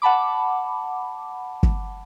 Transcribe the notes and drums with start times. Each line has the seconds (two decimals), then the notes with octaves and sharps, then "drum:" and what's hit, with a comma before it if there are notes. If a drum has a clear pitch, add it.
0.02 F#5 A5 B5 D6
1.63 drum: kick